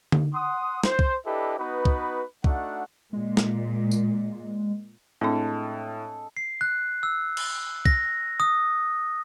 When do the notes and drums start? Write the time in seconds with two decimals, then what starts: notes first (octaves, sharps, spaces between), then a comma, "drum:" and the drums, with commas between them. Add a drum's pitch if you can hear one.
0.12 drum: tom D3
0.33 F#5 C6 D#6
0.84 C5, drum: snare
0.99 drum: kick
1.26 D4 E4 G4 A4 B4 D#5
1.58 B3 D#4 F#4 B4
1.85 drum: kick
2.44 A3 D4 D#4 F#4 F#5, drum: kick
3.13 A#2 G#3
3.37 drum: snare
3.91 drum: tambourine
5.21 A2 G#3 C4 D4 A4
6.37 C7
6.61 F#6
7.03 E6
7.37 drum: cymbal
7.85 A#6, drum: kick
8.40 D#6